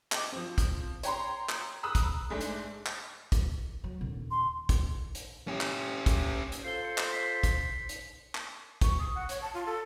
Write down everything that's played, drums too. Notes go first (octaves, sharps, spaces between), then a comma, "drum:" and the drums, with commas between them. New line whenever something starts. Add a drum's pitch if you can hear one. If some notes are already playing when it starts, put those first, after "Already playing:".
D#5 G5 D6, drum: clap
F3 C4
drum: kick, hi-hat
C#5 G5 A#5 C6, drum: hi-hat
drum: clap
A#5 B5 D#6 E6 F#6
drum: kick, hi-hat
G#2 G#3 A3 D4
drum: hi-hat
drum: clap
drum: kick, hi-hat
F#3
D#1 D3
C6
drum: kick, hi-hat
drum: hi-hat
C#4 G4
drum: clap
drum: kick, hi-hat
drum: hi-hat
F4 A4 C5 C7 G7
C6 C#7
drum: clap
B6 C7
drum: kick, hi-hat
drum: hi-hat
drum: clap
C#6, drum: kick, hi-hat
D#6
F#5
C#5, drum: hi-hat
A5
F4
A4